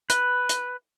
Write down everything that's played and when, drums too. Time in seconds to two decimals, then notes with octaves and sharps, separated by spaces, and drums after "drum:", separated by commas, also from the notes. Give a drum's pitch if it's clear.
0.10 B4, drum: hi-hat
0.49 drum: hi-hat